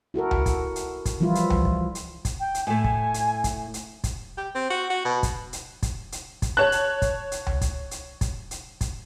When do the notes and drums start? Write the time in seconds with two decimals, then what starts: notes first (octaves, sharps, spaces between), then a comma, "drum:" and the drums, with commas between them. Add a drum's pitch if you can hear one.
0.14 E4 F#4 A4 A#4
0.31 drum: tom C#2
0.46 drum: kick, hi-hat
0.76 drum: hi-hat
1.05 drum: kick, hi-hat
1.20 E3 F3 G3 E4 F4
1.35 drum: hi-hat
1.50 drum: tom C#2
1.65 drum: kick
1.95 drum: hi-hat
2.25 drum: kick, hi-hat
2.40 G5
2.55 drum: hi-hat
2.67 A2 A3 G#5
2.84 drum: kick
3.14 drum: hi-hat
3.44 drum: kick, hi-hat
3.74 drum: hi-hat
4.04 drum: kick, hi-hat
4.38 G4
4.55 C4
4.70 F#4
4.90 F#4
5.05 B2
5.23 drum: kick, hi-hat
5.53 drum: hi-hat
5.83 drum: kick, hi-hat
6.12 drum: hi-hat
6.42 drum: kick, hi-hat
6.57 C#5 A5 F#6
6.72 drum: hi-hat
7.02 drum: kick, hi-hat
7.32 drum: hi-hat
7.47 drum: tom C#2
7.61 drum: kick, hi-hat
7.91 drum: hi-hat
8.21 drum: kick, hi-hat
8.51 drum: hi-hat
8.81 drum: kick, hi-hat